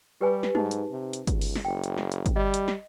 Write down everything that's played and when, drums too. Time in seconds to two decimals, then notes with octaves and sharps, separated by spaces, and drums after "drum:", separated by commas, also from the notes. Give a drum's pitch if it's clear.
0.21 G3 G4 B4 G#5
0.43 drum: snare
0.55 G#2 D#4 G4, drum: tom
0.71 drum: hi-hat
0.90 C3
1.13 drum: hi-hat
1.27 C#2, drum: kick, hi-hat
1.41 drum: open hi-hat
1.55 drum: snare
1.65 F#1 G5
1.84 drum: hi-hat
1.98 drum: snare
2.12 drum: hi-hat
2.26 drum: kick, hi-hat
2.36 G3 D#5
2.54 drum: hi-hat
2.68 drum: snare